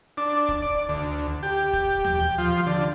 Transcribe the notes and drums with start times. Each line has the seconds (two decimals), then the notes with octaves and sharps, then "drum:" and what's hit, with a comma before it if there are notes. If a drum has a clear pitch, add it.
0.17 D4
0.49 drum: kick E1
0.62 D5
0.89 D2
1.43 G4
1.73 drum: kick E1
2.05 drum: tom D#2
2.20 G5
2.38 F3
2.67 D3